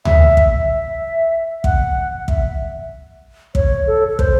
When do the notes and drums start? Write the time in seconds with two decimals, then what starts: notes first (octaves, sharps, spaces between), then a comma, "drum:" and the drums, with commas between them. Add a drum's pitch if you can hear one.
0.05 E5, drum: tom D2
0.37 drum: kick
0.69 E5
1.64 F#5, drum: kick
2.28 E5, drum: kick
3.55 C#5, drum: kick
3.87 A4
4.08 A4
4.19 C5, drum: kick